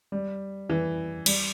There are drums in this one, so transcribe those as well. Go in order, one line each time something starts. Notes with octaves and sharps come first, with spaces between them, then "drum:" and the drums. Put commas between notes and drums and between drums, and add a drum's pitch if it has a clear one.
G3
E3
G3, drum: cymbal